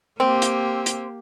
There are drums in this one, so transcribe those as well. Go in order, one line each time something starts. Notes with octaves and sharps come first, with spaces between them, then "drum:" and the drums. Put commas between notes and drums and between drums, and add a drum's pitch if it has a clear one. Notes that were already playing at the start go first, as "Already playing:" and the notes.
A#3 C4 G4
drum: hi-hat
drum: hi-hat